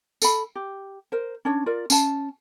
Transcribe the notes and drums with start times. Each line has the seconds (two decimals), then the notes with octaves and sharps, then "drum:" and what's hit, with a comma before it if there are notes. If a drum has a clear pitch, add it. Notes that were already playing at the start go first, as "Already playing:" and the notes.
0.22 A4 B5, drum: tambourine
0.55 G4
1.12 A#4 C5
1.45 C#4 D4 C#5
1.66 F4 A#4 D5
1.90 C#4 A5, drum: tambourine